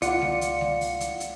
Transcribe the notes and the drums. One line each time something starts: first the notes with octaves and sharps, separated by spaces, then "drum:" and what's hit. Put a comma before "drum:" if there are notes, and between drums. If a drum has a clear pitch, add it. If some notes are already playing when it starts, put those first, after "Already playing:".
C#2 F4 D5 F#5 C#7, drum: hi-hat
drum: snare G#3
drum: hi-hat
drum: snare G#3
drum: open hi-hat
drum: hi-hat
drum: hi-hat